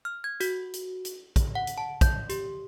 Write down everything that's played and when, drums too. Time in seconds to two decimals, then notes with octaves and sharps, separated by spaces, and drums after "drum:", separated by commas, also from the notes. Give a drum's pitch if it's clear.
0.05 F6
0.24 G#6
0.40 F#4, drum: hi-hat
0.74 drum: hi-hat
1.05 drum: hi-hat
1.36 drum: kick, hi-hat
1.55 F#5
1.67 drum: hi-hat
1.78 A5
2.01 G6, drum: kick, hi-hat
2.29 G4, drum: hi-hat